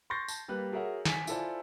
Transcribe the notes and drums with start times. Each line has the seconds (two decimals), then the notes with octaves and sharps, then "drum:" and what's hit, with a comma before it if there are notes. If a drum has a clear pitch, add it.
0.10 C6 C#6 G6 A6 A#6 C7
0.28 A5, drum: tambourine
0.48 G3 A#3 B4 F#6
0.72 F#4 G#4 A#4 C#5 E5 F#5
1.06 G#5 B6, drum: snare
1.27 E4 F4 A4 C5 D5 G#5, drum: tambourine